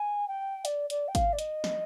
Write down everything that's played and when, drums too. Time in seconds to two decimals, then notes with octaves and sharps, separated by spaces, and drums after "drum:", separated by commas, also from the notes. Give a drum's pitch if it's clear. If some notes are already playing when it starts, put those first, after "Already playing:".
Already playing: G#5
0.28 G5
0.65 D5, drum: hi-hat
0.90 D5, drum: hi-hat
1.08 G5
1.15 F5, drum: kick G#1, hi-hat
1.33 D5
1.39 D#5, drum: hi-hat
1.64 drum: snare